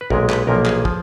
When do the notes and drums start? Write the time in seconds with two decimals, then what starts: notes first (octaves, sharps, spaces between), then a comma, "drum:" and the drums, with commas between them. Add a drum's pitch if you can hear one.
0.01 B4
0.10 B1 A#2 G#3 A#4, drum: kick
0.29 B4, drum: clap
0.47 B1 A#2 F3 A#3 A#4
0.65 G#4, drum: clap
0.85 F3, drum: kick